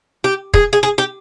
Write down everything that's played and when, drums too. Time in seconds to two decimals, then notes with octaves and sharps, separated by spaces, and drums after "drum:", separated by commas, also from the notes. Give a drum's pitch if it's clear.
0.24 G4
0.54 G#4, drum: kick
0.73 G#4
0.83 G#4
0.98 G4